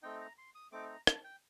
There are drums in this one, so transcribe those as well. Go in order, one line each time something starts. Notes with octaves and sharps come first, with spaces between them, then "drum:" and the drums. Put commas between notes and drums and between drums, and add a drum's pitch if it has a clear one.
A3 C4 D#4 G5
A#5
C6
D#6
A3 C4 D#4 D6
A#5
A5, drum: rim click
G5